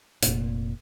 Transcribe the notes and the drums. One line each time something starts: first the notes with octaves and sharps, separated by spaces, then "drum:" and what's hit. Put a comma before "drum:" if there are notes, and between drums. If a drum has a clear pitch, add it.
F1 A#2, drum: hi-hat